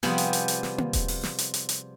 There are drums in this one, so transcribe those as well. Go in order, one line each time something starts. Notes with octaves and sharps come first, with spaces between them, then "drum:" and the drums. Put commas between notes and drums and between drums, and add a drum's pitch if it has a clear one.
C3 F3 G3 B3 G#4 F#5, drum: snare
drum: hi-hat
drum: hi-hat
drum: hi-hat
drum: snare
drum: tom A#3
drum: kick D#1, hi-hat
drum: open hi-hat
drum: snare
drum: hi-hat
drum: hi-hat
drum: hi-hat